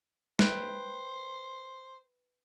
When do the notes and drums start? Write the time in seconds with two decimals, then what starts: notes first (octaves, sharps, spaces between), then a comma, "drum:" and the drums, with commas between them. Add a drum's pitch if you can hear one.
0.39 B4 C5 G5, drum: snare